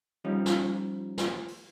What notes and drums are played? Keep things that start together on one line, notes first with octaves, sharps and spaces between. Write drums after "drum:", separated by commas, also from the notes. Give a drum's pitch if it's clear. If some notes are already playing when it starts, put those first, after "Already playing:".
F3 G3 C#4 D#4
drum: snare
drum: snare
drum: open hi-hat